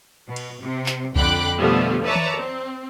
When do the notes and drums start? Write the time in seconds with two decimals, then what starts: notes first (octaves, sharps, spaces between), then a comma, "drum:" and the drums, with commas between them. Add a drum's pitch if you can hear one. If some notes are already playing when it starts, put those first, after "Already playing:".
0.27 B2
0.36 drum: cymbal
0.62 C3
0.86 drum: clap
1.16 F2 D3 G5 B5 D6 F#6, drum: kick C2
1.58 B2 D3 F3 G3 A3 B3
2.04 B4 C#5 D5 E5 A5 A#5
2.15 drum: tom D#3
2.39 C4